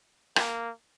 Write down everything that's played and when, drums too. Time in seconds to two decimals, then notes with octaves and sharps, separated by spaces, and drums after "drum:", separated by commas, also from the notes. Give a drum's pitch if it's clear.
0.36 A#3, drum: rim click